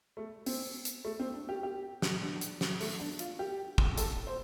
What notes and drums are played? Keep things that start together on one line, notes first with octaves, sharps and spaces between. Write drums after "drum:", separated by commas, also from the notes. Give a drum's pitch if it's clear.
A3
C4, drum: open hi-hat
drum: hi-hat
A3
C4
D4
G4
G4
drum: snare
D4
drum: hi-hat
drum: snare
A3, drum: open hi-hat
D4
F4, drum: hi-hat
G4
drum: kick
A4, drum: hi-hat
C5